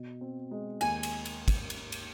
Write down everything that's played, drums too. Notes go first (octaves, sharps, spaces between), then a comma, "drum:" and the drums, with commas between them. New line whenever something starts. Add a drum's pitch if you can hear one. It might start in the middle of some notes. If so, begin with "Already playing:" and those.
Already playing: B2
C4
G#3
D#2 G#5, drum: cymbal
drum: cymbal
drum: cymbal
drum: kick, cymbal
drum: cymbal
drum: cymbal